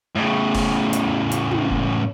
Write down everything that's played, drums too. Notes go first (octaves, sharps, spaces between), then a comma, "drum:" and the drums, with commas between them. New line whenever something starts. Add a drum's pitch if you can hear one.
A2 C#3
drum: kick F1, open hi-hat
drum: hi-hat
drum: hi-hat
drum: tom
drum: kick F1